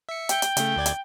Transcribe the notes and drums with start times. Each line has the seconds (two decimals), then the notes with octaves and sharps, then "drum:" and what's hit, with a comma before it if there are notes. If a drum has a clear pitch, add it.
0.09 E5 C#7
0.29 G5, drum: hi-hat
0.42 drum: hi-hat
0.57 C#3 A3, drum: hi-hat
0.76 D2 D5 G#6
0.86 drum: hi-hat